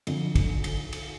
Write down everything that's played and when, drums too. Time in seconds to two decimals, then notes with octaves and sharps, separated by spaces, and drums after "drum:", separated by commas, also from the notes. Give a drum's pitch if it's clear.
0.07 F2 D3, drum: cymbal
0.35 drum: kick, cymbal
0.64 drum: cymbal
0.93 drum: cymbal